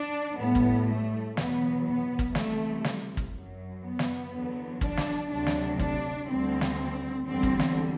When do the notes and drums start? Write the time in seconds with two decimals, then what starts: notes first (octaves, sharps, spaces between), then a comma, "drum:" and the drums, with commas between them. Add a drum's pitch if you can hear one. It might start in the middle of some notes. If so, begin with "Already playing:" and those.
Already playing: D4
0.38 A2 G3 B3
0.55 drum: kick
0.88 A3
1.37 E2 B2 F#3 B3, drum: snare
1.86 B3
2.19 drum: kick
2.35 E2 C3 G3 A3, drum: snare
2.84 drum: snare
3.17 drum: kick
3.33 F#2 F#3
3.83 B3
3.99 drum: snare
4.32 E2 D3 F#3
4.81 D4, drum: kick
4.97 drum: snare
5.30 D2 C3 F#3 D4
5.47 drum: snare
5.79 D4, drum: kick
6.28 D2 D3 G3 C4
6.61 drum: snare
7.27 E2 D3 G3 C4
7.43 drum: kick
7.59 drum: snare